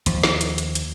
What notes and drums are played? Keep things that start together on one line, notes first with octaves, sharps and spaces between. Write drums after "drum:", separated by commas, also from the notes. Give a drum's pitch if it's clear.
D#2 F3, drum: hi-hat
drum: snare
drum: hi-hat
drum: hi-hat
drum: hi-hat